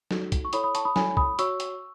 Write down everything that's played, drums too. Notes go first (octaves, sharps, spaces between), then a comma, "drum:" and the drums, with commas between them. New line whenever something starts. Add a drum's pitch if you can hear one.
D#4 F#4 A4, drum: snare
drum: kick, hi-hat
C#6
E4 A4 C#5 B5 D#6, drum: hi-hat
B5 D#6
A5 C#6, drum: hi-hat
B5 D#6
E4 A4 C#5 G#5 B5, drum: snare
B5 D#6, drum: kick
F#4 C#5 C#6 E6, drum: hi-hat
drum: hi-hat